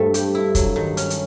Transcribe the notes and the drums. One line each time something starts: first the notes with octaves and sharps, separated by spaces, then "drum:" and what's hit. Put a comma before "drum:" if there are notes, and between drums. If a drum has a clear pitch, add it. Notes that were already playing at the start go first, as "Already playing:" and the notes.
Already playing: G2 G3 A3 C4
G4, drum: hi-hat
E4
F#3, drum: kick, hi-hat
D#3
C#4, drum: hi-hat
drum: hi-hat